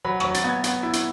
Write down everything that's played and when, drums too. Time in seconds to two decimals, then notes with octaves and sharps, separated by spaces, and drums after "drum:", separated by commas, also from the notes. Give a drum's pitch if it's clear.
0.05 F#3 B5
0.20 F#3 C#6, drum: rim click
0.34 A6, drum: hi-hat
0.44 B3 G#6
0.64 B3, drum: hi-hat
0.83 E4
0.93 drum: hi-hat